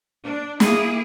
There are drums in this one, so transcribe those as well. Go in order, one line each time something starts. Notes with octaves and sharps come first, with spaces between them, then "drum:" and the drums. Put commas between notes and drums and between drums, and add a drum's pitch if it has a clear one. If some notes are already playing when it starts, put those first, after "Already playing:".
D4
A#3 E4 G#4, drum: snare